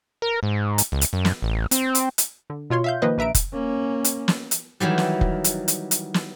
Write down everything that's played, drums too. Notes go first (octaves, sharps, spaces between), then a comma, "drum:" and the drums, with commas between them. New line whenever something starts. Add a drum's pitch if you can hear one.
A#4
G#2
drum: hi-hat
C#2
drum: hi-hat
F#2
drum: snare
A1
C4, drum: hi-hat
drum: hi-hat
drum: hi-hat
D3
B2 F4 C#5 C6
E5 F5 G6
D#3 F3 A#3 B4 D#5
A#1 B4 E5 A#5 D7
drum: kick F1, hi-hat
A#3 C#4
drum: hi-hat
drum: snare
drum: hi-hat
D#3 E3 F#3 G3
drum: snare
drum: kick F1
drum: hi-hat
drum: hi-hat
drum: hi-hat
drum: snare